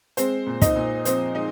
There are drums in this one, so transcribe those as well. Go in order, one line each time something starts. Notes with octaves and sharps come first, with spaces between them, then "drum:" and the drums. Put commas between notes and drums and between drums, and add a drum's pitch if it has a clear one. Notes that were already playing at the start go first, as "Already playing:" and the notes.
G#3 C4 C5, drum: hi-hat
A#2
D#4 D#5, drum: kick, hi-hat
A#2
F3 C4 C5, drum: hi-hat
G#3 D#4 D#5